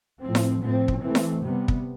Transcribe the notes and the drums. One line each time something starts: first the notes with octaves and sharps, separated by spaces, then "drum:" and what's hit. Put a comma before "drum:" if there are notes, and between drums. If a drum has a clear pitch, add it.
A2 F3 C4
drum: snare E4
A2 F3 C4
drum: kick
E3 A3 C4
drum: snare E4
C3 G3 B3
drum: kick